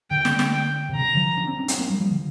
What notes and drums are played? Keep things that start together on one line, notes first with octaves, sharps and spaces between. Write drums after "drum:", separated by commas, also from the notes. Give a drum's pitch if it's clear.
D3 G5
drum: snare
drum: snare
G5
C3
D3 A#5
F3
D4
C4
D4
C4, drum: hi-hat
A#3
G3
F3
D3